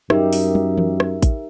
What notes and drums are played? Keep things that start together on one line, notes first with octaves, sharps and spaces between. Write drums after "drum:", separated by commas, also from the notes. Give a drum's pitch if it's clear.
F#2 D#4 G4 A#4 E5, drum: rim click
drum: open hi-hat
drum: tom
drum: tom E3
drum: rim click
drum: kick A1, hi-hat